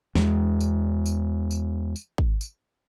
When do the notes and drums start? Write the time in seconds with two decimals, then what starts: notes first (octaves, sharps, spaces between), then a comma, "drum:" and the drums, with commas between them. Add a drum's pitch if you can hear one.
0.15 E2 G#3, drum: snare
0.61 drum: tambourine
1.06 drum: tambourine
1.51 drum: tambourine
1.96 drum: tambourine
2.18 drum: kick
2.41 drum: tambourine